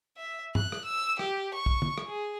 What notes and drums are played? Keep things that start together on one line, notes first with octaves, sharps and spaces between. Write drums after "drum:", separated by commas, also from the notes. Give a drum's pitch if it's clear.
E5
F#6, drum: tom
drum: rim click
E6
G4, drum: rim click
C#6
drum: kick
drum: tom
drum: rim click
G#4